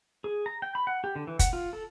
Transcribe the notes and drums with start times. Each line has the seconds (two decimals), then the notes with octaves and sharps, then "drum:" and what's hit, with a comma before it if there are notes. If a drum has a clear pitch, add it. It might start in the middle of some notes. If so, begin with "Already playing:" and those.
0.24 G#4
0.46 A#5
0.62 G5
0.75 B5
0.87 F#5
1.04 G4
1.16 D3
1.27 E3
1.39 F#5, drum: kick, hi-hat
1.53 F4
1.73 A4